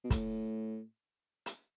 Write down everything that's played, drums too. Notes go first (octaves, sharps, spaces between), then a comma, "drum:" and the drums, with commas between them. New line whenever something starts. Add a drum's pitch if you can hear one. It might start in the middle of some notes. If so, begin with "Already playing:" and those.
B2
A2, drum: kick, hi-hat
drum: hi-hat